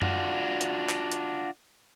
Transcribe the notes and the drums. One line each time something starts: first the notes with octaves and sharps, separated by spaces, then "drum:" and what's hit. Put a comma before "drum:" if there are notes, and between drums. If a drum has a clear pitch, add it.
D4 F4 F#4, drum: tom F#2
drum: hi-hat
drum: clap
drum: hi-hat